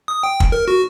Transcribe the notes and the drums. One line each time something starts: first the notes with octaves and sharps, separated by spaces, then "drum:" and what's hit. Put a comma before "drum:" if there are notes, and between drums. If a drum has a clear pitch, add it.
D#6
G5
drum: kick
A#4
F#4